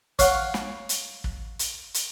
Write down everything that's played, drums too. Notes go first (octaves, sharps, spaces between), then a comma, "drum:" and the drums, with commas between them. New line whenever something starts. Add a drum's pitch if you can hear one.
C#5 F5 F#5, drum: kick, hi-hat
drum: snare
drum: hi-hat
drum: kick
drum: hi-hat
drum: hi-hat